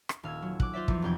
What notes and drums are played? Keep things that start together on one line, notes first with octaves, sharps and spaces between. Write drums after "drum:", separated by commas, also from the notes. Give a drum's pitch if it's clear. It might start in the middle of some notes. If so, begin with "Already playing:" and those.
drum: rim click
D#1 F5 E6 G#6
F#3
D6 F#6, drum: kick
F4 C5 D5 E5
E2 F3, drum: kick
F1 F2 C4 G5 G#6